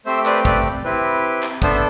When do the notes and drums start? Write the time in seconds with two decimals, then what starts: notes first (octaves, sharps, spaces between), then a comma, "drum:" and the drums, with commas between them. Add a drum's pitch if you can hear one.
0.06 A3 C4 G4 C5 E5
0.26 B4 D5, drum: clap
0.45 B4 D5, drum: kick
0.84 C4 E4 G4 B4
1.43 drum: clap
1.62 B3 D4 A4 C5 E5, drum: kick